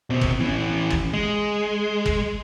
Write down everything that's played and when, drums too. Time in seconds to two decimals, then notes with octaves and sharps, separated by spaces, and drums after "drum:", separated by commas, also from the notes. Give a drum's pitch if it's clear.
0.10 B2 C4
0.21 drum: kick
0.40 E3 C#4
0.90 drum: kick
1.13 G#3
2.06 drum: kick